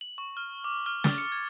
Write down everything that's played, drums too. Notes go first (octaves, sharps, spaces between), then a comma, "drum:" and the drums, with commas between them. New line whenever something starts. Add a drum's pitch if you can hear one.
F#7
C#6
F6
D6
F6
A6, drum: snare
C#7
G#6